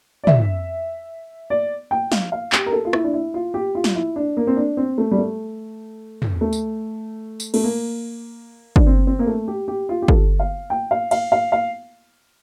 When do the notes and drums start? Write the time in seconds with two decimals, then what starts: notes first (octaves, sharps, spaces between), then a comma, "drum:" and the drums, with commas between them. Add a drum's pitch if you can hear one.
0.24 D5
0.27 E5, drum: tom
1.50 D5
1.91 G5
2.12 F5, drum: snare
2.32 F5
2.52 G4, drum: clap
2.66 A#4
2.72 A4
2.85 F4
2.93 E4, drum: rim click
3.04 D4
3.13 E4
3.34 F4
3.54 G4
3.75 F4
3.84 drum: snare
3.95 E4
4.16 D4
4.37 A#3
4.47 C4
4.56 D4
4.77 C4
4.98 A3
5.11 G3
5.18 A3
6.22 drum: tom
6.41 A3
6.53 drum: tambourine
7.40 drum: tambourine
7.54 A3, drum: cymbal
7.64 A#3
8.76 D4, drum: kick
8.87 C4
9.07 C4
9.19 A#3
9.27 A3
9.48 G4
9.68 G4
9.89 F4
10.02 G4
10.08 A4, drum: kick
10.40 F5
10.70 G5
10.91 F5
11.11 F5, drum: cymbal
11.32 F5
11.52 F5